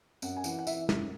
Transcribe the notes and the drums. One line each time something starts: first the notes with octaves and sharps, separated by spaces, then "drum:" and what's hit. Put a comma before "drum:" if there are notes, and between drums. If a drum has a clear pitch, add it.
F#2 F#5, drum: tambourine
G#5
E3 F#5, drum: tambourine
F#5
E3 E5, drum: tambourine
F#2, drum: snare